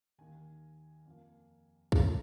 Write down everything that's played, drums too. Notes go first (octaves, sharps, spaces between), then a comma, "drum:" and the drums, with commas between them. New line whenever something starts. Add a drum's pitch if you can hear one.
D#2 D#3 A#3 G#5
F2 F3 A#3
F#2 F3 G#3 B3, drum: kick C2